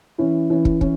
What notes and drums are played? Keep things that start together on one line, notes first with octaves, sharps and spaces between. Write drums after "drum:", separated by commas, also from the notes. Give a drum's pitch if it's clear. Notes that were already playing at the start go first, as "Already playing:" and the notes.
E3 C#4 E4
E3 C#4 E4
drum: kick
E3 C#4, drum: kick